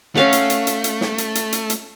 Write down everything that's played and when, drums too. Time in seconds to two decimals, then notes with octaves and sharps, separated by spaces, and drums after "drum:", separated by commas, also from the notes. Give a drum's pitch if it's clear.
0.15 A3 C#4 F5 F#5, drum: snare
0.33 drum: hi-hat
0.50 drum: hi-hat
0.67 drum: hi-hat
0.84 drum: hi-hat
1.01 drum: snare
1.18 drum: hi-hat
1.35 drum: hi-hat
1.53 drum: hi-hat
1.70 drum: hi-hat